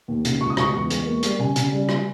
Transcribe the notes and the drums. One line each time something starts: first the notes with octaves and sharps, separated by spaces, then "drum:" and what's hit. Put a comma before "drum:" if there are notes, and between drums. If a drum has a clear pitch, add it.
D#2
C#3, drum: hi-hat
C#2 C#6
D#6
C#2 C#6, drum: rim click
E2 C#6
G#3, drum: hi-hat
A#3
G3, drum: hi-hat
C#3 G#5
C#3, drum: hi-hat
G3
drum: rim click